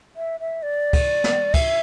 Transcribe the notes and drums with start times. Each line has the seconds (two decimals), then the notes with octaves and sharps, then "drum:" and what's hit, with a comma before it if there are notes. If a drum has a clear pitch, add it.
0.16 E5
0.40 E5
0.63 D5
0.93 drum: kick, cymbal
1.24 drum: snare
1.54 E5, drum: kick, cymbal